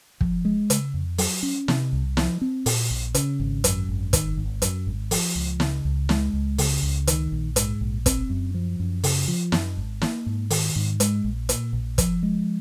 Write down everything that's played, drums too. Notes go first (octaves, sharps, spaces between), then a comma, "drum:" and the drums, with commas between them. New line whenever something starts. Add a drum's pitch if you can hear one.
F3, drum: kick
G#3
C#3, drum: hi-hat
F2
F#3, drum: open hi-hat
C#4
C3, drum: snare
C2
F3, drum: snare
C4
A#2, drum: open hi-hat
A#1
C#3, drum: hi-hat
G#1
F#2, drum: hi-hat
G#1
D#3, drum: kick, hi-hat
G#1
F#2, drum: hi-hat
G#1
F3, drum: open hi-hat
C#2
C#3, drum: snare
C#2
G#3, drum: snare
C#2
C#3, drum: open hi-hat
C#2
D#3, drum: hi-hat
A#1
G#2, drum: hi-hat
A#1
C4, drum: kick, hi-hat
F#2
F3
F#2
C#3, drum: open hi-hat
F3
F#2, drum: snare
G#1
A#3, drum: snare
G#2
D#3, drum: open hi-hat
G#2
G#3, drum: hi-hat
A#1
A#2, drum: hi-hat
A#1
F3, drum: kick, hi-hat
G#3